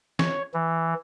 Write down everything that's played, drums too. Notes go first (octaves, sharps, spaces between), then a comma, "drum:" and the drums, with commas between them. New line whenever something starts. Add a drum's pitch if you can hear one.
C#5, drum: snare
E3